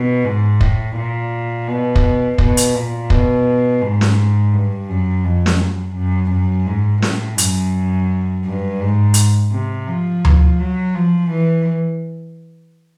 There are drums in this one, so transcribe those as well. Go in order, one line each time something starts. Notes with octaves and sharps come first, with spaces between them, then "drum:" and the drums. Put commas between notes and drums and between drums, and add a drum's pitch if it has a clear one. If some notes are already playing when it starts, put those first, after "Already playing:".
Already playing: B2
G#2
A2, drum: kick
A#2
B2
drum: kick
B2, drum: kick
drum: hi-hat
A#2
B2, drum: kick
G#2
drum: snare
G2
F#2
F2
drum: snare
F#2
F#2
F#2
G#2
A2, drum: snare
F#2, drum: hi-hat
G2
G#2
drum: hi-hat
C3
F3
drum: tom D2
F#3
F3
E3